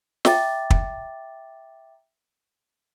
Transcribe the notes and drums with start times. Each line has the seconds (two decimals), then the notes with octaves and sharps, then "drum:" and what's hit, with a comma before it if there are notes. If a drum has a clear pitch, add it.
0.25 E5 G5 A#5 D6 A6, drum: snare
0.70 drum: kick